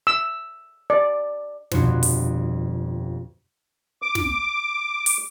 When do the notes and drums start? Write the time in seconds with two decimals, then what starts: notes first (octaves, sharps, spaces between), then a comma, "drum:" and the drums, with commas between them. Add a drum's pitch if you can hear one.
0.07 E6
0.90 D5
1.72 G1 F2 B2 B3 F#4 C5, drum: snare
2.03 drum: open hi-hat
4.02 D6
4.15 drum: snare
5.06 drum: open hi-hat